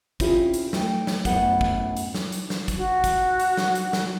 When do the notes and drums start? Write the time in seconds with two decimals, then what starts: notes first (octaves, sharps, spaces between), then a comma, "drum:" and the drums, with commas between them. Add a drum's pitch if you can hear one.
0.20 C4 C#4 E4 F4 G4 G#4, drum: kick, hi-hat
0.54 drum: hi-hat
0.73 A3 D#5 G5, drum: snare
1.07 drum: snare
1.25 F#2 A2 B3 F#5, drum: kick, hi-hat
1.61 drum: kick
1.97 drum: hi-hat
2.14 drum: snare
2.32 drum: hi-hat
2.50 drum: snare
2.68 drum: kick, hi-hat
2.77 F#4
3.04 drum: kick, hi-hat
3.40 drum: hi-hat
3.57 drum: snare
3.75 drum: hi-hat
3.93 drum: snare